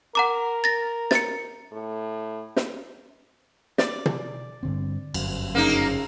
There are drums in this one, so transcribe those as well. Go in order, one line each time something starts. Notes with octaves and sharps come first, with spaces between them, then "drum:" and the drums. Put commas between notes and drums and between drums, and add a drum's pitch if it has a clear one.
A#4 F#5 A#5 D6
A6 A#6
A6 C#7, drum: snare
A2
drum: snare
D5, drum: snare
drum: tom
G2 D3 C4
G1 F#2, drum: cymbal
C#3 A#3 D#4
drum: cymbal